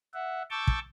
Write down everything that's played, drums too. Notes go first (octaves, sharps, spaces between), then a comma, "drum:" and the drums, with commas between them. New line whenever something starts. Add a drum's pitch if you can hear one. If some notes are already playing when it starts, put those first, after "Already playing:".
E5 F#5
A5 C#6 D6 E6 G6 A6
drum: kick